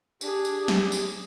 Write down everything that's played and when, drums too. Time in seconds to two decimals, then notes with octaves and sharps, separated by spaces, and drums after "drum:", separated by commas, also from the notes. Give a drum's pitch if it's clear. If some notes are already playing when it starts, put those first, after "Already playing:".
0.21 D4 G4 G#4, drum: tambourine
0.45 drum: tambourine
0.68 drum: snare
0.92 drum: tambourine